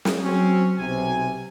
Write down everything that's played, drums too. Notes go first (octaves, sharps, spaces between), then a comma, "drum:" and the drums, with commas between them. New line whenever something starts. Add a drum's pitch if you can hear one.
drum: snare
F#3 C4 C#4
B1 C3 G#5